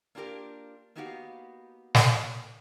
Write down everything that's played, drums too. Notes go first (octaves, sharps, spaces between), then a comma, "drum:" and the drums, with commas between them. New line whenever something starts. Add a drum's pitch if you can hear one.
A#3 D4 F4 G4 A#4
A#3 B3 D#4 F#4 G4 F5
drum: snare